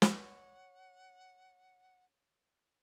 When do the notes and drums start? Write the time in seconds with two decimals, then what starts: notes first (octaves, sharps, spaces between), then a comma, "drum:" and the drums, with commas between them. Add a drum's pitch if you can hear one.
0.02 C#5 F#5, drum: snare